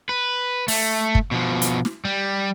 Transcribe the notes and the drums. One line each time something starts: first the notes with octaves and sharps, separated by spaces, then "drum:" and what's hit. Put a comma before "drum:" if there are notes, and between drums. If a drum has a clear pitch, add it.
B4
A3, drum: open hi-hat
drum: kick
B2 F3
drum: hi-hat
drum: snare
G3